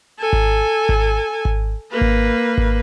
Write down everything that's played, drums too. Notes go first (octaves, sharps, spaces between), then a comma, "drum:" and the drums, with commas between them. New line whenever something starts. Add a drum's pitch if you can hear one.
A4 G#5
drum: kick G#1
drum: kick G#1
drum: kick G#1
A#3 B4
drum: kick G#1
drum: kick G#1